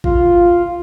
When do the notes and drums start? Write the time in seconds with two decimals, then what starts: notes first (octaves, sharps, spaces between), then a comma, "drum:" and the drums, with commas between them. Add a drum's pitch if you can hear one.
0.04 F4, drum: kick G#1